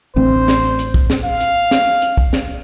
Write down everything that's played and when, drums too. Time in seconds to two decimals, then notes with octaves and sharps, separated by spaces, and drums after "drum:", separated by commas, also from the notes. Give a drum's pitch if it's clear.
0.16 A1 D2 C4 C5
0.48 drum: snare
0.79 drum: hi-hat
0.94 drum: kick
1.10 drum: snare
1.25 F5
1.41 drum: hi-hat
1.71 drum: snare
2.02 drum: hi-hat
2.17 drum: kick
2.33 drum: snare